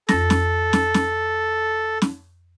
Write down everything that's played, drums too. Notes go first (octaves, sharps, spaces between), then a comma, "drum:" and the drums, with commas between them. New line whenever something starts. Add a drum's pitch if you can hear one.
F2 A4 A#6, drum: snare
drum: snare
drum: snare
drum: snare
drum: snare